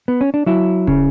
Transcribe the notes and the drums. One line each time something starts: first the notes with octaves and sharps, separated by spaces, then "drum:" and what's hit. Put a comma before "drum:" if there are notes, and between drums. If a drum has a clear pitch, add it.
B3
C#4
D4
F#3 E4
C#3, drum: kick D1